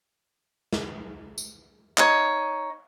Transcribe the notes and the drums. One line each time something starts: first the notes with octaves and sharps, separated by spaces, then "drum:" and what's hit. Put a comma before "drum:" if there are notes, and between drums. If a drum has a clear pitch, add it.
drum: snare
drum: tambourine
D#4 C#5, drum: clap